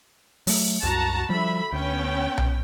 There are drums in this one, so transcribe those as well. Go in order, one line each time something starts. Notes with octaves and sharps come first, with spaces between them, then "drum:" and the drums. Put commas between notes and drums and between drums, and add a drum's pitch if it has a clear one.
F#3 A3, drum: open hi-hat
C2 F#2 F#4 A5 A#5
D3 F3 G3 E5 B5
D2 B3 C#4 G5
drum: tom B1